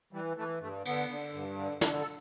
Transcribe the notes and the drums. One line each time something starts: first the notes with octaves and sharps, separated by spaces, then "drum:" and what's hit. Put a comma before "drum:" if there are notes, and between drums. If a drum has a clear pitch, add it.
E3 G3
E3 A3
G2 A3
D3 B3, drum: cymbal
D3
G2
D3
D3 D4, drum: snare
A4